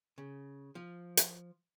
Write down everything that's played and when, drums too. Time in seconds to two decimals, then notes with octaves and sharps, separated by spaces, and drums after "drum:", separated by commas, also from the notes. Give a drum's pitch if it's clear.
0.18 C#3
0.75 F3
1.17 drum: hi-hat